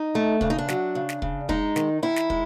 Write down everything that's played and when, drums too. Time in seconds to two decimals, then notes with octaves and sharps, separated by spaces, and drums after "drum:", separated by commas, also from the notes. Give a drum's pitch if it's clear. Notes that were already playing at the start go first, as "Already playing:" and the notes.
Already playing: D#4
0.15 A3
0.41 C#3 D4, drum: kick
0.50 D#4
0.59 D4
0.68 F#3, drum: snare
0.95 C#3
1.09 drum: snare
1.22 C#3, drum: kick
1.49 G#3 D#4, drum: kick
1.76 D#3, drum: snare
2.03 D#3 E4
2.16 drum: snare
2.30 G#3, drum: kick